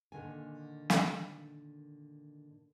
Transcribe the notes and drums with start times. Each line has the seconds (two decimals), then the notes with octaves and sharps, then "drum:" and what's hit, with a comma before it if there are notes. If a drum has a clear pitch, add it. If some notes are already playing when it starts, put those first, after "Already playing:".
0.12 A#2 D3 D#3 G#5
0.90 drum: snare